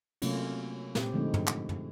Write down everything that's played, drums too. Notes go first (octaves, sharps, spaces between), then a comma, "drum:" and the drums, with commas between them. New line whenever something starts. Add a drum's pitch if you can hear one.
C3 F#3 A3 A#3 C#4 F4, drum: cymbal
A#2 C4 G4, drum: snare
D3 F3 G#3 A3 C4 D#4
drum: tom
drum: clap
drum: tom